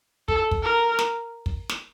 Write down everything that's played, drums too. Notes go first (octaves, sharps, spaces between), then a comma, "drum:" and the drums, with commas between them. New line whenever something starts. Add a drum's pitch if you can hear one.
A4, drum: kick
drum: kick
A#4
drum: snare
drum: kick
drum: snare